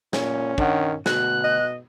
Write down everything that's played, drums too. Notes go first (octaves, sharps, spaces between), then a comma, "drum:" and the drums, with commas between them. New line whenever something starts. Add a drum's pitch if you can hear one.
A#2 C#4, drum: snare
D#3 D4 F#5, drum: kick
D2 B2 F#4 F#6, drum: snare
D#5